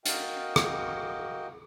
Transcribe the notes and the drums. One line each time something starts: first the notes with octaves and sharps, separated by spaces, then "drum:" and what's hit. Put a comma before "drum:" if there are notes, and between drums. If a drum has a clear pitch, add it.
F#4 A#4 D#5 F5 G5, drum: hi-hat
drum: rim click